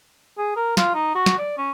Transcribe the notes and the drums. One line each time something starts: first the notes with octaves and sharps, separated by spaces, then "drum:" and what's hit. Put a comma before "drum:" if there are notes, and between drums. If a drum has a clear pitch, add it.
G#4
A#4
F4, drum: snare
D#4
F#4
drum: snare
D5
C#4